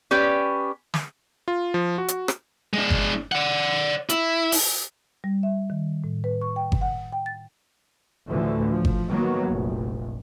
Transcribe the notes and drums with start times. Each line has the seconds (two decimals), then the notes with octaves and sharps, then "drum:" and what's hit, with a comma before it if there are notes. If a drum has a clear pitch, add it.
0.11 C#4 G4 B4 D5
0.94 drum: snare
1.48 F4
1.74 F3
1.98 F#4
2.08 drum: hi-hat
2.28 drum: rim click
2.73 G#3 D4
2.90 drum: kick G1
3.32 D5 F#5
4.09 E4, drum: hi-hat
4.52 drum: open hi-hat
5.24 G3
5.43 E5
5.70 D#3
6.04 A2
6.24 B4
6.41 C#6
6.56 G5
6.72 drum: kick G1
6.81 F#5
7.13 G5
7.26 A6
8.28 D2 A2 D3 E3 F3
8.70 F3
8.85 drum: kick G1
9.08 D#3 F#3 A#3 B3
9.48 F1 A#1